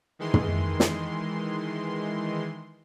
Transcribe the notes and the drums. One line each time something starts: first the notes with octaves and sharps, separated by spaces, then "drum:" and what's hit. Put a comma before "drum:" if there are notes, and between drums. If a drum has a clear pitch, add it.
D#3 E3 G#3 C6
drum: tom
drum: snare